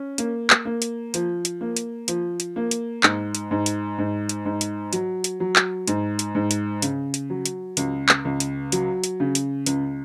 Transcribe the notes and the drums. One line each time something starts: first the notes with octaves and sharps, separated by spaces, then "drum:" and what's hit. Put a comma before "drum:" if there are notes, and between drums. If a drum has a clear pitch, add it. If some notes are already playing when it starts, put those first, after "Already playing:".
Already playing: C#4
A#3, drum: hi-hat
drum: clap
A#3
drum: hi-hat
F3, drum: hi-hat
drum: hi-hat
A#3
drum: hi-hat
F3, drum: hi-hat
drum: hi-hat
A#3
drum: hi-hat
G#2, drum: clap
drum: hi-hat
G#2
drum: hi-hat
G#2
drum: hi-hat
G#2
drum: hi-hat
F#3, drum: hi-hat
drum: hi-hat
F#3
drum: clap
G#2, drum: hi-hat
drum: hi-hat
G#2
drum: hi-hat
C#3, drum: hi-hat
drum: hi-hat
F#3
drum: hi-hat
C#2, drum: hi-hat
drum: clap
C#2
drum: hi-hat
F#3, drum: hi-hat
drum: hi-hat
C#3
drum: hi-hat
C#2, drum: hi-hat